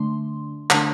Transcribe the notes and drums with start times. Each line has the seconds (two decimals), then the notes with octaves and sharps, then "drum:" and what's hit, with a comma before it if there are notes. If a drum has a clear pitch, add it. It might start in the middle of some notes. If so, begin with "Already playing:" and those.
Already playing: D3 A3 D4 C6
0.70 D3 A3 D4, drum: clap